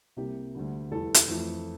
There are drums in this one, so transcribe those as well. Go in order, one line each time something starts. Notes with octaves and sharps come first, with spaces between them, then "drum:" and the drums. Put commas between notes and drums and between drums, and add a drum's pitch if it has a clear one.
C2 C3 G3 A#3 G4
D2 D3 G3
F1 E2 E3 G3 A4
drum: hi-hat
F2 E3 A3